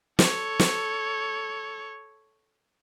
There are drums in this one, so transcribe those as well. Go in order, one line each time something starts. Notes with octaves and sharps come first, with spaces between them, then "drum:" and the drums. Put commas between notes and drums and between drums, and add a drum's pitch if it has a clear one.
A4 C#5, drum: snare
drum: snare